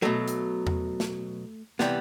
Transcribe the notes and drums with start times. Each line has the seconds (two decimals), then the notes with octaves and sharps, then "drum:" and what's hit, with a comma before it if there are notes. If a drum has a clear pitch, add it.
0.02 B2 F#3 A3
0.28 drum: hi-hat
0.67 drum: tom E2
1.00 drum: snare
1.79 C3 E3 G3 B3, drum: snare